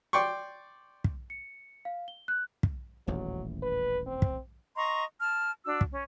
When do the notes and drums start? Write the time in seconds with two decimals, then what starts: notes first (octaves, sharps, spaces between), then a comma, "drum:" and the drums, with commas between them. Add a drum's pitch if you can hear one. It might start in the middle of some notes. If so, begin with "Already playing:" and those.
0.13 D5 G5 C6 C#6
1.04 drum: kick
1.30 C#7
1.85 F5
2.08 G7
2.28 F#6
2.63 drum: kick
3.07 D#1 A1 E2 F#3
3.62 B4
4.06 C4
4.22 drum: kick
4.76 D#5 A#5 C6 C#6
5.20 A5 F6
5.65 D4 F#4 E6
5.81 drum: kick
5.92 C#4